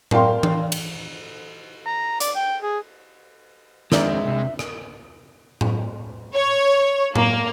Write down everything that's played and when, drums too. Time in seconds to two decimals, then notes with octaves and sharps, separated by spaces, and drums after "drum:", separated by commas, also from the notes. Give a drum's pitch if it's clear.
0.11 A#4 D5 F5 G5 C6, drum: tom A2
0.43 drum: tom E3
0.72 drum: cymbal
1.86 A#5
2.20 D5, drum: hi-hat
2.36 G5
2.62 G#4
3.92 F2 D#3 G#3 C4 D4 A#4 D5 E5, drum: snare
4.24 C2 C3
4.59 drum: rim click
5.61 drum: tom A2
6.34 C#5
7.15 A#3, drum: tom A2